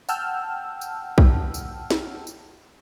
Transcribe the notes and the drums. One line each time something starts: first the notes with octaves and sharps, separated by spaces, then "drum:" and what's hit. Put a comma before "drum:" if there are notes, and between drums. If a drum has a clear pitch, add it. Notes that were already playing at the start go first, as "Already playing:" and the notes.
F#5 G5 A5 E6 F6 G6, drum: tambourine
drum: tambourine
drum: kick B1
drum: tambourine
drum: snare
drum: tambourine